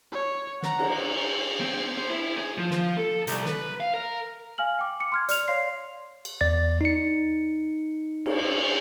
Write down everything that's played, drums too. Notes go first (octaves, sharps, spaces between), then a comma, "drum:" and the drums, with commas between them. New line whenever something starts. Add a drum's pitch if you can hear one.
C#5
F#5 A#5, drum: snare
drum: cymbal
C4
C5
E4
G#4
F3
drum: snare
A4
C2, drum: hi-hat
B4, drum: snare
F5
A#4
F5 G#5 F6 F#7
G5 D6
D6 C#7
C6 F6 G#6
D5 F6 F7, drum: hi-hat
C#5 D5 F5 C6 C7
drum: cymbal
E2 D5 A6
D#4 C#7
drum: cymbal